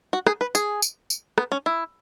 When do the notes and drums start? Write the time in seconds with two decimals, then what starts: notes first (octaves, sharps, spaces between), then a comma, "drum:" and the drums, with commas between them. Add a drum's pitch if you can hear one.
0.13 F#4
0.27 G#4, drum: rim click
0.41 B4
0.55 G#4, drum: tambourine
0.82 drum: tambourine
1.10 drum: tambourine
1.38 B3, drum: rim click
1.52 C#4
1.66 E4